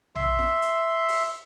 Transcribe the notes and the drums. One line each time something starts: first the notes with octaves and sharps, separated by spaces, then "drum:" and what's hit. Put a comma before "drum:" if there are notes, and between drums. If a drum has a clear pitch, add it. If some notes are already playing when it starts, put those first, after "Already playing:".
E5 C6, drum: tom A#1
drum: snare F4
drum: hi-hat
drum: open hi-hat